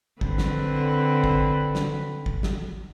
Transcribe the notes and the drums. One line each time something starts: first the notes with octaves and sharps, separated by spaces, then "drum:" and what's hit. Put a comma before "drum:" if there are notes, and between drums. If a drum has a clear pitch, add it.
D3 C4 B4, drum: kick
drum: snare
drum: kick
drum: snare
drum: kick
drum: snare